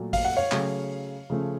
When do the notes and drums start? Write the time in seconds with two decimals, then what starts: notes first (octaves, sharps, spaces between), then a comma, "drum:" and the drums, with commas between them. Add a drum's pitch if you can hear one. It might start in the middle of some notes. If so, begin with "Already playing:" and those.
Already playing: A#2 F#3 A3
0.13 F5, drum: kick, open hi-hat
0.25 F#5
0.37 C#5 F5
0.52 C#3 F#3 A3, drum: clap
1.30 C#3 F3 A3